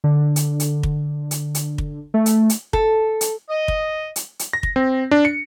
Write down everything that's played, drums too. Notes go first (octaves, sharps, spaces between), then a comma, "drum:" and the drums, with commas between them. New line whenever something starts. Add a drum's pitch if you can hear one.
D3
drum: hi-hat
drum: hi-hat
drum: kick
drum: hi-hat
drum: hi-hat
drum: kick
A3
drum: hi-hat
drum: hi-hat
A4, drum: kick
drum: hi-hat
D#5
drum: kick
drum: hi-hat
drum: hi-hat
A#6
drum: kick
C4
D4
C#7